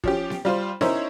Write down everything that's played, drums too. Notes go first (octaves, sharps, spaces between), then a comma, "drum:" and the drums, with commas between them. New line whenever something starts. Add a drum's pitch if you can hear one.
F3 C#4 G4, drum: kick
drum: snare B3
G3 F4 C5 C6
C#4 D#4 E4 A#4 C5 C#5, drum: snare B3